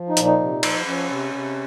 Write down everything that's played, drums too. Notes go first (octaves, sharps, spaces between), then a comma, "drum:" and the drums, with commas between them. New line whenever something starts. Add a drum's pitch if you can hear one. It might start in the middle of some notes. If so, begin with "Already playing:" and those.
Already playing: F3
D#4
A#2, drum: hi-hat
D#4
C3
F3, drum: cymbal
F3 C#4
C3
C3